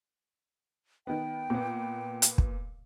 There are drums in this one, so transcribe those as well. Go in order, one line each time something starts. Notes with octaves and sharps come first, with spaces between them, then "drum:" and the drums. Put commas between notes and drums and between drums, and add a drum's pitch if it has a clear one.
D#3 B3 G5
A#2 B3
drum: hi-hat
drum: kick